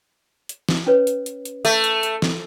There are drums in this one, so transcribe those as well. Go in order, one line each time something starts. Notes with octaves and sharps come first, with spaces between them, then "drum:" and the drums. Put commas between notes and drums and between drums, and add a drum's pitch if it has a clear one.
drum: hi-hat
drum: snare
C#4 B4 C#5
drum: hi-hat
drum: hi-hat
drum: hi-hat
A3, drum: open hi-hat
drum: hi-hat
drum: hi-hat
drum: snare